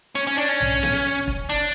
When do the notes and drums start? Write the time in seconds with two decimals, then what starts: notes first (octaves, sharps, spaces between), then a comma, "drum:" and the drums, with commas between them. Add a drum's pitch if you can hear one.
0.15 C#4
0.27 C#4
0.38 D4
0.49 C#4
0.60 drum: tom B1
0.83 drum: snare
1.27 drum: kick
1.49 D4